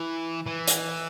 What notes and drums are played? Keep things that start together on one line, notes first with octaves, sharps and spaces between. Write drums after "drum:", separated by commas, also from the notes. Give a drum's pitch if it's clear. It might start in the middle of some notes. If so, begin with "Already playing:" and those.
Already playing: E3
E3
drum: hi-hat